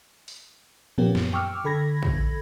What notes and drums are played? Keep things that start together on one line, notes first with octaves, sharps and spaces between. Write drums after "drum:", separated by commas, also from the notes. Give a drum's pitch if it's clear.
drum: open hi-hat
A#2 F3 A#3 B3 C#4 G4
F#2, drum: snare
G5 C#6 D6 E6 F6
D3 A4 B5 G#6 A#6
drum: kick